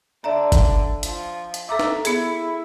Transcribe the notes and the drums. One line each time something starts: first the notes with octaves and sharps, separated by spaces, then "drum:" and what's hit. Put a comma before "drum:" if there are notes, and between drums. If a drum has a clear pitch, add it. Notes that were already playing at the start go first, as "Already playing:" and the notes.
D3 D5 E5 A#5
drum: kick G1, hi-hat
F3, drum: hi-hat
drum: hi-hat
A4 E5 A#5 D6
drum: snare
B3 E4 G#4, drum: hi-hat